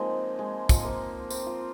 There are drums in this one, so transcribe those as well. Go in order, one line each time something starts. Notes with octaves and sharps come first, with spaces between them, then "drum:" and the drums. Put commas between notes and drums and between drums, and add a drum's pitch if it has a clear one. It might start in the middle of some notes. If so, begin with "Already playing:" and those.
Already playing: F3 G#3 A#3 C4 D#4
G#3
F3, drum: kick, tambourine
A#3
C4, drum: tambourine
F4